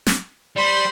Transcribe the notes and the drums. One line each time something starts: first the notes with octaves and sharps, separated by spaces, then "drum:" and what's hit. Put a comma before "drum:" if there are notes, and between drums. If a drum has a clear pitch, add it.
drum: snare
G3 C5 B5 C6